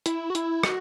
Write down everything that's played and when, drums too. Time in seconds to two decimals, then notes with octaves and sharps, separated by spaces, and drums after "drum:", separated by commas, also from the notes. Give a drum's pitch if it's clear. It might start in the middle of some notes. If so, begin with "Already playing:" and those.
0.06 E4, drum: hi-hat
0.30 F#4
0.35 E4, drum: hi-hat
0.63 F#4, drum: rim click